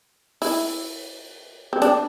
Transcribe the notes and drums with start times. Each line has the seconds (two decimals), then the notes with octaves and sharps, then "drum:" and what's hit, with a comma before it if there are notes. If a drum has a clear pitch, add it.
0.42 E4, drum: open hi-hat
1.73 C4
1.82 D4, drum: hi-hat